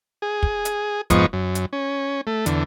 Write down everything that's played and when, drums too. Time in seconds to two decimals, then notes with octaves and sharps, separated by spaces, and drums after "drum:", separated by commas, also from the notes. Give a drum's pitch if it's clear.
0.22 G#4
0.43 drum: kick
0.65 drum: hi-hat
1.10 F2 G#2 F3 B3 D#5 C#6, drum: kick, hi-hat
1.33 F#2
1.55 drum: hi-hat
1.73 C#4
2.27 A3
2.46 E2 D3, drum: hi-hat